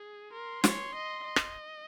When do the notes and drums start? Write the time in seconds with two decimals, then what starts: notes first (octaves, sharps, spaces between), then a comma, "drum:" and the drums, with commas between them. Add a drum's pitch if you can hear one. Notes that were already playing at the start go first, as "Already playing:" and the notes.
Already playing: G#4
0.33 A#4 C6
0.64 C#5, drum: snare
0.95 D#5
1.25 D#5
1.36 drum: rim click